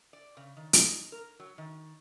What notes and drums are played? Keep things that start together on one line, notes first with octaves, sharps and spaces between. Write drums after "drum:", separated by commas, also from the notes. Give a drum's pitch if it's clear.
D5
C#3
D#3
D#4, drum: hi-hat
A#4
F#3
D#3